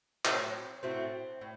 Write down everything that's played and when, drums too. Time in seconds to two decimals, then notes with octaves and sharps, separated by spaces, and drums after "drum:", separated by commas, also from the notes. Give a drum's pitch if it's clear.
0.25 A2 F#3 A3 C4, drum: clap
0.83 A2 F#3 A3 C4
1.41 A2